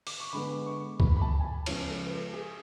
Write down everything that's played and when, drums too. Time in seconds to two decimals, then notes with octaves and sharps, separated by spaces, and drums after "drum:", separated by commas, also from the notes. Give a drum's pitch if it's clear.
0.07 D6, drum: open hi-hat
0.20 C#6
0.33 D3 G#3 B3 B5
0.66 C#6
1.00 B5, drum: kick
1.17 B5
1.21 A5
1.40 G#5
1.45 A5
1.66 C#3 F3 G#3 B3 C#5, drum: cymbal
1.81 B4
1.88 A4
2.05 B4
2.11 A4
2.33 G#4